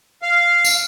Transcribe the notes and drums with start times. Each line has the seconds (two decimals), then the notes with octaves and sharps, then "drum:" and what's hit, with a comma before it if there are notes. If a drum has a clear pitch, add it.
0.22 F5
0.65 drum: tambourine